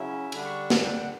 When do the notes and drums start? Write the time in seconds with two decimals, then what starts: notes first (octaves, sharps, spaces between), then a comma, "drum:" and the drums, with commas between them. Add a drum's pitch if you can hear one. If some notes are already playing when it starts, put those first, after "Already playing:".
Already playing: C#3 F#3 C#4 E4 E5
0.32 D3 G3 D4 B5, drum: cymbal
0.45 C#6
0.70 A5, drum: snare
0.84 G5
0.96 F#5